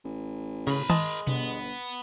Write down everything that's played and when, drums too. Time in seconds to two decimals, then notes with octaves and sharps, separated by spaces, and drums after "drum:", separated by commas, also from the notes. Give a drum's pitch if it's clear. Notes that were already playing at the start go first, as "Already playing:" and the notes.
0.05 A1
0.67 C#3 A#4 B5
0.90 G#3 A5, drum: tom D#3
1.27 G1 B3, drum: tom B2